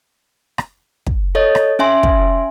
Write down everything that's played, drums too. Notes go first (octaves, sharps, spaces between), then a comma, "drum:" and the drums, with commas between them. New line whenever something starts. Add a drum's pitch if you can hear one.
drum: rim click
drum: kick
A4 C#5 D#5
drum: rim click
C#4 E5 G#5 C6
drum: kick